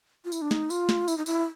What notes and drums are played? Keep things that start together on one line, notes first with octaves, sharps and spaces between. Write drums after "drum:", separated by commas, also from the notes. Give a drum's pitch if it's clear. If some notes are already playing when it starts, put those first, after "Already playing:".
F4
E4, drum: tambourine
D4
D#4, drum: snare
F4, drum: tambourine
drum: snare
E4, drum: tambourine
D#4
E4, drum: tambourine